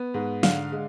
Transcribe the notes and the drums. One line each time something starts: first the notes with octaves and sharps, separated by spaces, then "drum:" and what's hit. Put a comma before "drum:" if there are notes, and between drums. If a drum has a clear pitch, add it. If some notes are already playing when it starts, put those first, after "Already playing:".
Already playing: B3
G#2
D3 F5, drum: snare
G#3